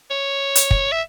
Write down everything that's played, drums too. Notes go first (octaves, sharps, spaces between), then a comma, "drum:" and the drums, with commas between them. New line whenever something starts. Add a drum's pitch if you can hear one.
C#5
drum: hi-hat
drum: kick
E5